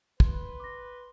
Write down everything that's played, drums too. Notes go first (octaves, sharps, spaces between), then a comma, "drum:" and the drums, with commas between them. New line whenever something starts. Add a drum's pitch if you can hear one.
B4 C6, drum: kick
D6 A#6